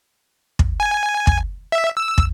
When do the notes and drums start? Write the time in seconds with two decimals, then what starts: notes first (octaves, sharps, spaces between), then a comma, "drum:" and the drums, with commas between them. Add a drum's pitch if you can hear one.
0.59 drum: kick
0.80 G#5
1.27 drum: kick
1.72 E5
1.97 E6
2.18 drum: kick